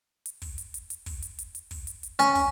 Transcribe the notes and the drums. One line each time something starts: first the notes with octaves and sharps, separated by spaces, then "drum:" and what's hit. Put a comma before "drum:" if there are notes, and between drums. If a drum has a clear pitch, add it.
drum: hi-hat
drum: kick, open hi-hat
drum: hi-hat
drum: hi-hat
drum: hi-hat
drum: kick, open hi-hat
drum: hi-hat
drum: hi-hat
drum: hi-hat
drum: kick, open hi-hat
drum: hi-hat
drum: hi-hat
C#4, drum: hi-hat
drum: kick, open hi-hat